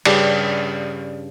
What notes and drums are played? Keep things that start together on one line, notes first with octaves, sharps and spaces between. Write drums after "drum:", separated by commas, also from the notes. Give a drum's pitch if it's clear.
G2 C#3 D4 G4, drum: cymbal